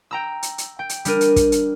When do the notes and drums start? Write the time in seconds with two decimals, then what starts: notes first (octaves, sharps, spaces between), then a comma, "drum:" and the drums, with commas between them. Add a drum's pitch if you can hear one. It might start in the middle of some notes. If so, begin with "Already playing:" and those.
0.11 G5 A#5 E6
0.43 drum: hi-hat
0.58 drum: hi-hat
0.79 G5
0.89 drum: hi-hat
1.05 G3 D4 A#4 D#7, drum: hi-hat
1.21 drum: hi-hat
1.36 drum: kick, hi-hat
1.52 drum: hi-hat